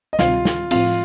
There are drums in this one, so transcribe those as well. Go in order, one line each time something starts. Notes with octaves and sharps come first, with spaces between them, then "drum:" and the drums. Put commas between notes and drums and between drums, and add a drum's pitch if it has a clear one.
D#5
D2 C3 D#3 G3 C4 F4 F5, drum: snare
drum: snare
A2 F3 C4 F4 F5, drum: cymbal